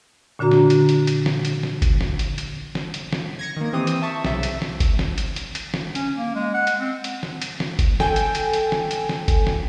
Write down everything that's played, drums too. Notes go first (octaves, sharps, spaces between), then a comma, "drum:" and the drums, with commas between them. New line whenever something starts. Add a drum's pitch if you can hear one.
A#2 D3 D4 F#4 A#5
drum: snare
drum: hi-hat
drum: hi-hat
drum: hi-hat
drum: snare
drum: hi-hat
drum: snare
drum: kick G1, hi-hat
drum: snare
drum: hi-hat
drum: hi-hat
drum: snare
drum: hi-hat
drum: snare
G#6 A#6 C#7
D#3 A#3
E3 C4 G4 D#6
drum: hi-hat
E5 A5 C#6
B1 C3 E5, drum: snare
drum: hi-hat
drum: snare
drum: kick G1, hi-hat
drum: snare
drum: hi-hat
drum: hi-hat
drum: hi-hat
drum: snare
C#4, drum: hi-hat
A#3
G#3
F#5
drum: hi-hat
C4
drum: hi-hat
drum: snare
drum: hi-hat
drum: snare
drum: kick G1, hi-hat
A4 G5 G#5, drum: snare
drum: hi-hat
drum: hi-hat
drum: hi-hat
drum: snare
drum: hi-hat
drum: snare
drum: kick G1, hi-hat
drum: snare